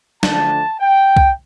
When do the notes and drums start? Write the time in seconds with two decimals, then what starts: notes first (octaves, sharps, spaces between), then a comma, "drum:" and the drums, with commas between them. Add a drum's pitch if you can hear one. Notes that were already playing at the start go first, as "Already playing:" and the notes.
0.23 D3 F3 A3 D4 A5, drum: snare
0.79 G5
1.16 drum: kick